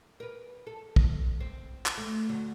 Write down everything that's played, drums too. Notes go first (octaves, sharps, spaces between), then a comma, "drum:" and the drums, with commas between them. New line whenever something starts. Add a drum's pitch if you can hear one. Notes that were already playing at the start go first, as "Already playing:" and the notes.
A#4 B4
A4
drum: kick
C4
drum: clap
A3
D2 F#3